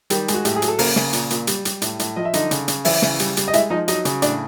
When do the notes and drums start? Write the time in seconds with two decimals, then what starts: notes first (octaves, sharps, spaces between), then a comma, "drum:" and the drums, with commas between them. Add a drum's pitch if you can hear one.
0.10 D#3 G3 G4, drum: hi-hat
0.28 G#3, drum: hi-hat
0.34 F#4
0.45 A2 G4, drum: hi-hat
0.56 G#4
0.62 F#3, drum: hi-hat
0.68 A4
0.79 C#3 A#3 A#4, drum: open hi-hat
0.96 C#3, drum: snare
1.13 A#2, drum: hi-hat
1.30 A#2, drum: hi-hat
1.47 G3, drum: hi-hat
1.65 G3, drum: hi-hat
1.82 A2, drum: hi-hat
1.99 A2, drum: hi-hat
2.16 F3 D#5
2.25 E5
2.33 D3 D#4 D#5, drum: hi-hat
2.51 C#3, drum: hi-hat
2.68 C#3, drum: hi-hat
2.85 E3 E4 E5, drum: open hi-hat
3.02 C#3, drum: snare
3.19 G3, drum: hi-hat
3.37 G3, drum: hi-hat
3.48 D#5
3.53 G#3 E4 E5, drum: hi-hat
3.70 F3 D#4 D#5
3.88 F#3 D#4 D#5, drum: hi-hat
4.05 C#3, drum: hi-hat
4.22 A2 D4 D5, drum: hi-hat